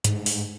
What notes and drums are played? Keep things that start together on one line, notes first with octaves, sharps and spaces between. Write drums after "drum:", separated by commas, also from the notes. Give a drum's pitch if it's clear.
G#2, drum: hi-hat
drum: open hi-hat